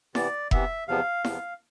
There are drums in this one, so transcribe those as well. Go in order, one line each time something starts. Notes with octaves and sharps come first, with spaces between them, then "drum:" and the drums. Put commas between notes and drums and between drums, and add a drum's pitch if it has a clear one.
C3 E3 B3 D5, drum: snare E4
C3 E3 B3 E5, drum: kick F1
E2 C3 F3 B3 F5
E2 C3 F3 B3, drum: snare E4